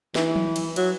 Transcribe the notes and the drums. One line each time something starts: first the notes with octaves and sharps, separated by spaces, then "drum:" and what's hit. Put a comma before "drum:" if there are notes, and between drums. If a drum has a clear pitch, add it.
E3, drum: snare
drum: tom F3
drum: cymbal
F#3, drum: cymbal